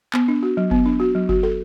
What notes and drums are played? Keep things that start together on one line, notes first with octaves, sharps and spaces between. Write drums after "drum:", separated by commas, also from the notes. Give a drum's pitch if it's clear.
B3, drum: clap
D4
F#4
F#3
B3, drum: kick F#1
D4
F#4
F#3
F#4, drum: kick F#1
A4